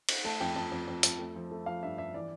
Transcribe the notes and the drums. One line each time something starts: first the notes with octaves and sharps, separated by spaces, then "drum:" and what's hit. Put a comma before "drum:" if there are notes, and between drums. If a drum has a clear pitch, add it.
drum: cymbal
A3 A5
F2 G5
F2 A5
F2
F2
F2, drum: hi-hat
A3
F3
A3
F3 F5
G2 E5
G2 E5
E3 D5